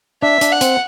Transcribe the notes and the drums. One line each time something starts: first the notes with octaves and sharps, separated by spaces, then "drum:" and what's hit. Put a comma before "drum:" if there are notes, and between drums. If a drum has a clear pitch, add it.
D4 E5
D4, drum: hi-hat
F#5
C4, drum: hi-hat